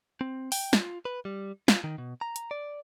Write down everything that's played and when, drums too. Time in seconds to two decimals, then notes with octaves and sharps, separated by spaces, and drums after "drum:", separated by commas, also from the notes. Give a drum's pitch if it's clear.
0.21 C4
0.52 G5, drum: open hi-hat
0.73 F4, drum: snare
1.05 B4
1.25 G3
1.68 F4, drum: snare
1.84 D#3
1.98 B2
2.21 A#5
2.36 drum: hi-hat
2.51 D5